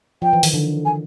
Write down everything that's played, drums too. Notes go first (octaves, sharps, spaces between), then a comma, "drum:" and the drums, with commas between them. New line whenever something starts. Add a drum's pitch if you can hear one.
F3 G5
E3
D#3, drum: open hi-hat
D3
G#5